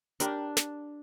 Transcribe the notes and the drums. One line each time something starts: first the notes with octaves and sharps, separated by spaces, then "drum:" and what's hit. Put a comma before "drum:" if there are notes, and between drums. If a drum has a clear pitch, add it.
D4 G4 A#4, drum: hi-hat
drum: snare